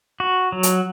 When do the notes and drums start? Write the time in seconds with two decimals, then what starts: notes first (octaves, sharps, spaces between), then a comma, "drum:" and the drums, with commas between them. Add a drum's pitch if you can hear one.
0.20 F#4
0.52 F#3
0.63 drum: hi-hat